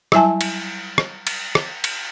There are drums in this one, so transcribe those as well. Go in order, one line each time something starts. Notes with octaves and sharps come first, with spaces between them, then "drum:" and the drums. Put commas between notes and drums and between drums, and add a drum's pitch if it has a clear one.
F#3 G3 E4 E5 G#5 A5, drum: rim click
drum: cymbal
drum: rim click
drum: cymbal
drum: rim click
drum: cymbal